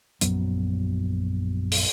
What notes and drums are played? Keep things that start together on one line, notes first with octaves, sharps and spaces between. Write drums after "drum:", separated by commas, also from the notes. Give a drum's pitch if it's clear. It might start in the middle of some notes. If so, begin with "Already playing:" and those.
A#1 F#2 F#3 B3, drum: hi-hat
drum: open hi-hat